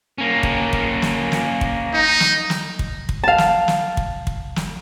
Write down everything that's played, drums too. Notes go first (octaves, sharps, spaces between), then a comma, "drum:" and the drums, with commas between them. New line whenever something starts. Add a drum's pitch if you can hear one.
A#3 C#4
drum: kick
drum: kick
drum: snare
drum: snare
drum: kick
D#4
drum: snare
drum: snare
drum: kick
drum: kick
F5 A5
drum: snare
drum: snare
drum: kick
drum: kick
drum: snare